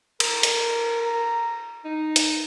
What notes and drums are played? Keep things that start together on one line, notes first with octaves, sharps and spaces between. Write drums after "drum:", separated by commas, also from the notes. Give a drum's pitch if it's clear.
A#4, drum: cymbal
drum: hi-hat
A#5
D#4
drum: hi-hat